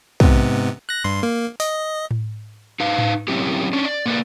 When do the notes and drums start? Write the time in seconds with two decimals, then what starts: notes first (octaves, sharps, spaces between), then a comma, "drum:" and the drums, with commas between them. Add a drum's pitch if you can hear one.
0.20 G#2 C3 B3, drum: kick
0.89 F#6 A#6
1.04 G2 C6
1.23 A#3
1.60 D#5, drum: open hi-hat
2.11 drum: tom A2
2.80 D#4 B4 F5
2.98 drum: tom A2
3.28 F#3 C4 C#4 E4 G4
3.73 C#4 D4
3.85 D5
4.06 A#3 B4 D5